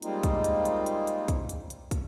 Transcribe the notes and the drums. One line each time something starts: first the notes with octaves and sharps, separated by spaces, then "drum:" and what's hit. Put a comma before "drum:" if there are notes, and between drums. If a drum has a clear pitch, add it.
G3 G#3 A#3 C4 D#4 F4, drum: hi-hat
drum: kick, hi-hat
drum: hi-hat
drum: hi-hat
drum: hi-hat
drum: hi-hat
drum: kick, hi-hat
drum: hi-hat
drum: hi-hat
drum: kick, hi-hat